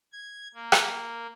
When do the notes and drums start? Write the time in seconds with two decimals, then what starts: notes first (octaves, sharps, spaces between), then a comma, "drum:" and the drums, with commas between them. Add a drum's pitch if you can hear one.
0.12 G#6
0.54 A#3
0.72 drum: rim click